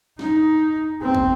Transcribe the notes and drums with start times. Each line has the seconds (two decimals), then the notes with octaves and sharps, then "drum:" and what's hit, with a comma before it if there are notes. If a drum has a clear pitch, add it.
0.19 D#4, drum: snare
1.02 C4
1.15 drum: kick